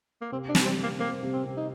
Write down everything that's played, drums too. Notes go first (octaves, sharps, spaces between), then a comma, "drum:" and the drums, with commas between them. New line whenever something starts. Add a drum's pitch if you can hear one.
A#3
C3 C4
D4
G3, drum: snare
C4
C4
A#3
A#3 C4
C3
C4
C3
D#4